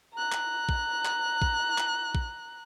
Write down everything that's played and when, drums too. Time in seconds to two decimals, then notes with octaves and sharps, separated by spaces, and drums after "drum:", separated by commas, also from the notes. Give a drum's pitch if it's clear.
0.14 A#5 F#6
0.32 drum: clap
0.69 drum: kick A#1
1.05 drum: clap
1.42 drum: kick A#1
1.78 drum: clap
2.15 drum: kick A#1